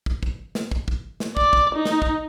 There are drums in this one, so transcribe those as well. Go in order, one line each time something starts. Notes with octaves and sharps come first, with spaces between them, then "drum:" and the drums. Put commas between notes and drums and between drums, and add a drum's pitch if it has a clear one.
drum: kick
drum: kick
drum: snare
drum: kick
drum: kick
drum: snare
D5, drum: kick
drum: kick
D#4
drum: snare
drum: kick